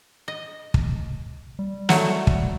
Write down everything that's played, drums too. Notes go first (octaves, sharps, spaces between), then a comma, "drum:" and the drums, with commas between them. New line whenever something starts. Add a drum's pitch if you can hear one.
D#5
drum: kick
G3
F#3 A3, drum: snare
drum: kick